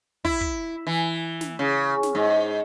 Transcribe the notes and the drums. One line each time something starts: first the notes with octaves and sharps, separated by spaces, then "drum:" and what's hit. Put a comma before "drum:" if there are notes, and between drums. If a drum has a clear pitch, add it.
E4, drum: kick
drum: kick
E3
drum: snare
C#3
drum: snare
G#2